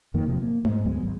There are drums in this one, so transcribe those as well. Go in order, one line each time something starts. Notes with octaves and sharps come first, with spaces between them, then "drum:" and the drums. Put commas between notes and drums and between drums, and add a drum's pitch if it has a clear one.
F2 D#3 A#3
D#1 C3 F3
A#3
G#2, drum: tom A3
D2 F#3 G#3 B3
G#1